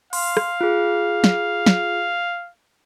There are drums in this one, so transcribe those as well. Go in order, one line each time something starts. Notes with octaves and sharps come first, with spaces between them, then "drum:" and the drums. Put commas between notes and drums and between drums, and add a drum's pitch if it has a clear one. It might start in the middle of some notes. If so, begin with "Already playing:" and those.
F5 C6, drum: open hi-hat
drum: rim click
F4 G#4
drum: snare
drum: snare